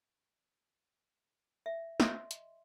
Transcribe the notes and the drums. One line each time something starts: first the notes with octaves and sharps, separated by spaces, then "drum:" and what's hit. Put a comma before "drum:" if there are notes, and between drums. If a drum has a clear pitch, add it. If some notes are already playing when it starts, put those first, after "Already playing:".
E5
D#5 E5 C6, drum: snare
drum: hi-hat